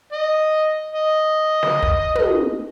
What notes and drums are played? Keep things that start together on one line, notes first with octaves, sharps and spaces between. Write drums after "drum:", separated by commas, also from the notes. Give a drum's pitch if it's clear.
D#5
D#5
drum: snare
drum: kick
drum: tom